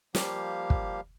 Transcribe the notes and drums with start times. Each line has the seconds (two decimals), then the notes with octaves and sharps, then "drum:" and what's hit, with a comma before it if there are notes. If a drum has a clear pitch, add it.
0.15 F3 G3 A#3 G4 F5, drum: snare
0.70 drum: kick